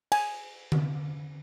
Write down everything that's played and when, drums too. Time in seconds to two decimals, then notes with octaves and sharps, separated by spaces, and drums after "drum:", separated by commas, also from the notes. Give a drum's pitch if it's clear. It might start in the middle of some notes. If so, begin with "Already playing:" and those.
0.12 G#5, drum: cymbal
0.72 drum: tom D3